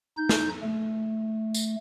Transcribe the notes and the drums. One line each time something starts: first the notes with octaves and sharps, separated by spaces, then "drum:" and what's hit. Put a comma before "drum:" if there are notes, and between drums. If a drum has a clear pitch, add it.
D#4 G6
drum: snare
A3
drum: tambourine